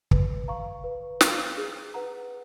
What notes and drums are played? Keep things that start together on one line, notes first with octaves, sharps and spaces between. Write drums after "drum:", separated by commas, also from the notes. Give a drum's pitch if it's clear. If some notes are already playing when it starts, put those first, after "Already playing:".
B4, drum: kick
F5 A#5 C#6
B4
F5 A#5 C#6, drum: snare
G#4
B4 F#5 A#5